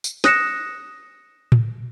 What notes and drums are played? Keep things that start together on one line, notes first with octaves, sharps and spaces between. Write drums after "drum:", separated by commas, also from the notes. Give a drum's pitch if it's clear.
drum: tambourine
D#6 F#6 A#6 C#7 E7, drum: snare
drum: tom A2